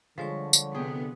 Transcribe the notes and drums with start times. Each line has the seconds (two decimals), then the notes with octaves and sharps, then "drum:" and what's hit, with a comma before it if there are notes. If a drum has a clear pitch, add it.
0.18 D3 F3 G3 G#3 C#5 C#6
0.53 drum: tambourine
0.74 C3 B3 G#4 G5